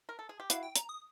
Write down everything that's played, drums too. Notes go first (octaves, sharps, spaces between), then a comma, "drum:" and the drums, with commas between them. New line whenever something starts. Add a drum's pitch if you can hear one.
A#4
A4
G#4
G4
E4 F#4 F5, drum: hi-hat
G5
A#5, drum: hi-hat
D#6